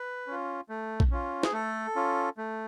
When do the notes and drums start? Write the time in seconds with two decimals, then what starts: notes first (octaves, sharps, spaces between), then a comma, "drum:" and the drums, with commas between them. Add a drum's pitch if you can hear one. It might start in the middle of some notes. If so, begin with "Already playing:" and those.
Already playing: B4
0.27 C#4 F4
0.69 A3
1.00 drum: kick A#1
1.11 C#4 F4
1.43 G#4, drum: snare
1.53 A3 A4
1.96 C#4 F4
2.37 A3